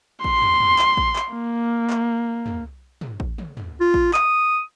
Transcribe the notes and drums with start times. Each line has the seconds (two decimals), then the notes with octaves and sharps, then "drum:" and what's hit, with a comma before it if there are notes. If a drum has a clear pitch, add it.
0.24 C6, drum: kick A1
0.42 drum: tom
0.60 drum: tom
0.79 drum: clap
0.97 drum: kick A1
1.16 drum: clap
1.34 A#3
1.90 drum: clap
2.46 drum: tom
3.01 drum: tom
3.20 drum: kick A1
3.38 drum: tom
3.57 drum: tom
3.81 F4
3.94 drum: kick A1
4.14 D#6, drum: clap